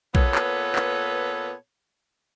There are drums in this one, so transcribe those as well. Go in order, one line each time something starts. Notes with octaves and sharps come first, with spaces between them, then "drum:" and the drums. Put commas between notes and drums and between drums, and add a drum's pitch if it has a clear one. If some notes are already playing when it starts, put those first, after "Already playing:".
A#2 B3 A4 B4 C#5, drum: kick A#1
drum: clap
drum: clap